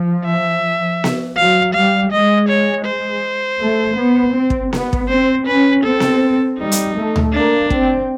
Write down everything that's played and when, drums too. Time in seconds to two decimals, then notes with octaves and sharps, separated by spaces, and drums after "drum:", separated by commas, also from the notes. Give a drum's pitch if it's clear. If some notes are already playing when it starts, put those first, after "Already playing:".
Already playing: F3
0.26 E5
1.04 drum: snare B3
1.37 F#3 F5
1.74 G3 F5
2.12 G#3 D#5
2.49 C#5
2.86 C5
3.61 A3
3.98 B3
4.35 C4
4.50 drum: kick
4.73 B3, drum: snare B3
4.93 drum: kick
5.09 C4 C5
5.47 C#4 B4
5.84 C4 A4
6.00 drum: snare B3
6.59 G3 D#4
6.72 drum: hi-hat
6.95 A3
7.16 drum: tom D2
7.33 A#3 D4
7.70 C4, drum: kick